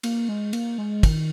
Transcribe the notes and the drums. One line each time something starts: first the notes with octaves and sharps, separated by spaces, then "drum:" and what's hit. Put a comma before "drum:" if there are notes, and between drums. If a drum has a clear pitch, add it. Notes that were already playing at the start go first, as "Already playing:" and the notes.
A#3, drum: cymbal
G#3
A#3, drum: cymbal
G#3
D#3, drum: kick, cymbal